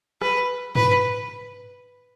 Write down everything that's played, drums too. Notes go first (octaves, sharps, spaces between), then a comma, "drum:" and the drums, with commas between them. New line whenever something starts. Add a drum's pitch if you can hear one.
B4, drum: rim click
B4, drum: tom G2